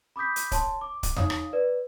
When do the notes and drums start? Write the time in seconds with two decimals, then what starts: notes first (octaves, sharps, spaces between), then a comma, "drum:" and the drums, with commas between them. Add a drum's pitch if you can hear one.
0.16 B5 D6 D#6 G6 B6
0.36 drum: hi-hat
0.52 C#5 A5 C6, drum: kick C#1, hi-hat
0.81 D6
1.03 drum: kick C#1, hi-hat
1.16 D#4 C#5 F5 D#6, drum: tom E2
1.30 drum: rim click
1.53 B4 D5